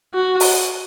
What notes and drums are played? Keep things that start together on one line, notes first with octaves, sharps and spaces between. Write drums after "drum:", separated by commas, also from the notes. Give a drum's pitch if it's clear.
F#4
drum: open hi-hat